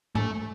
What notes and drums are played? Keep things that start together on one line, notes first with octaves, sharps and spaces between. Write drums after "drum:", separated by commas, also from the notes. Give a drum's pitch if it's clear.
A3, drum: tom G#2